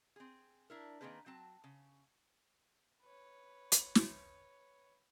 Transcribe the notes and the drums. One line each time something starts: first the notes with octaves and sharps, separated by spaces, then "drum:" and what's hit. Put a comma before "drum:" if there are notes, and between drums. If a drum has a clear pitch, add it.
C4 G#4
D4 E4 A#4
D#3 F#3 A#3 C4 G#4 B4
F#3 C4 A5
C#3
B4 C#5
drum: hi-hat
drum: snare